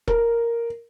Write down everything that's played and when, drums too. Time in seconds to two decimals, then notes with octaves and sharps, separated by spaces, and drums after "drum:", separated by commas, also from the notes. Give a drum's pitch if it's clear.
0.08 A#4, drum: kick E1